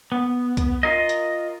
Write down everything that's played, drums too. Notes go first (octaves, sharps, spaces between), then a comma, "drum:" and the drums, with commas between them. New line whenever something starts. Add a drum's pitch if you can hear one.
B3
drum: kick C2, hi-hat
F4 A#4 D#5
drum: hi-hat